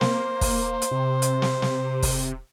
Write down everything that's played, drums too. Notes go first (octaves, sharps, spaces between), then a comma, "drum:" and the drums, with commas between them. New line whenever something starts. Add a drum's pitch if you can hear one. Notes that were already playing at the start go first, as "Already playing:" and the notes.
A#3 C5, drum: snare
drum: kick, open hi-hat
drum: hi-hat
C3
drum: hi-hat
drum: snare
drum: snare
drum: kick, open hi-hat